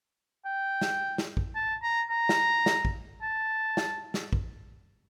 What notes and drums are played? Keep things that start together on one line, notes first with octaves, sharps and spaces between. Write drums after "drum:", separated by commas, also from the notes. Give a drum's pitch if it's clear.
G5
drum: snare
drum: snare
drum: kick
A5
A#5
A#5
drum: snare
drum: snare
drum: kick
A5
drum: snare
drum: snare
drum: kick